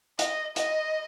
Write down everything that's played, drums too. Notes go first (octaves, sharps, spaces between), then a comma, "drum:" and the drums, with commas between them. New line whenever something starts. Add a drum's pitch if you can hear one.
D#5, drum: hi-hat
D#5, drum: hi-hat